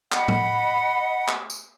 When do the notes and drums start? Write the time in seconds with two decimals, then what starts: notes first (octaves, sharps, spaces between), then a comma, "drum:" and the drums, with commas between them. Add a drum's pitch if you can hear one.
0.12 D#5 F#5 B5, drum: clap
0.28 drum: tom
1.28 drum: clap
1.50 drum: tambourine